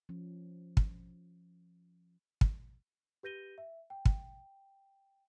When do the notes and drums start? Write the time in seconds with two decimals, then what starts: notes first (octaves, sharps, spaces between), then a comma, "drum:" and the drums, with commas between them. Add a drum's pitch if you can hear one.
0.09 F3 C#4
0.77 drum: kick
2.41 drum: kick
3.23 G4 B4 G6 A#6 D#7 G7
3.58 E5
3.90 G5
4.05 drum: kick